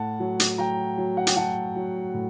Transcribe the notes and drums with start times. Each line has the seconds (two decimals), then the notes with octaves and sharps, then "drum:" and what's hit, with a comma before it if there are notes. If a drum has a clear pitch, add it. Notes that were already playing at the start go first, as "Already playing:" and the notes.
Already playing: A2 F#5 A5
0.20 F#3
0.40 drum: hi-hat
0.58 F#3 G5 A#5
0.98 F#3
1.17 F#5
1.27 G5, drum: hi-hat
1.36 F#3 F#5 A5
1.76 F#3
2.14 A2